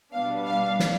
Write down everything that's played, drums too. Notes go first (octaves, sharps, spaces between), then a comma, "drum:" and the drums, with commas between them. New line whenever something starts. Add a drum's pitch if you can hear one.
B2 G3 B3 D4 F5
F5
drum: snare